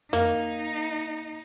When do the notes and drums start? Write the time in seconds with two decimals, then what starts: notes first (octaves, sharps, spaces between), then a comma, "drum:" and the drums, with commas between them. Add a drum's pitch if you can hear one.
0.13 A#3 D#4, drum: tom F2